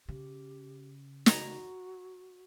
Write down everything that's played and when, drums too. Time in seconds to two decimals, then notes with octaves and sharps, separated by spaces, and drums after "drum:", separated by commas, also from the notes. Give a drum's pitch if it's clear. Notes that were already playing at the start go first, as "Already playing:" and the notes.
0.09 C#3 G4
1.26 F#4 A#5, drum: snare